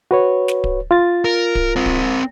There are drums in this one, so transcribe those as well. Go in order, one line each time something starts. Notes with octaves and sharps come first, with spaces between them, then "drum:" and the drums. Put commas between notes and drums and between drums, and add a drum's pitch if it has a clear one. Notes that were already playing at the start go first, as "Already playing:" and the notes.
F#4 B4 C#5
drum: snare
drum: kick D1
F4 A6
A#4
drum: kick D1
C4 A#4
drum: kick D1